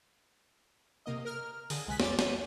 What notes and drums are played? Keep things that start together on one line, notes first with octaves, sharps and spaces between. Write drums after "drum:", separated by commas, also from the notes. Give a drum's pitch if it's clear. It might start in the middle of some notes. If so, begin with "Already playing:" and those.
C3 A#3 D#5
A#4 F6
D3 G#4, drum: open hi-hat
C2 G#3 G#5 F#6 B6
F2 D5 A6, drum: snare
D#7, drum: snare